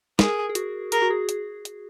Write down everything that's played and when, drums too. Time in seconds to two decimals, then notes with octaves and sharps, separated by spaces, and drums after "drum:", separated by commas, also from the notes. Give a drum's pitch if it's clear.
0.19 G#4 A#4, drum: snare
0.49 G#4
0.55 F#4, drum: hi-hat
0.92 G#4 A#4, drum: hi-hat
1.02 F#4
1.10 G#4
1.29 drum: hi-hat
1.65 drum: hi-hat